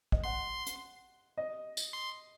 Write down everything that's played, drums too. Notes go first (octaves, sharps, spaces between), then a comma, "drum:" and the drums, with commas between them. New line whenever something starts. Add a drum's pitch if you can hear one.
D#5, drum: kick
F#5 C6
drum: hi-hat
D#5
drum: tambourine
C6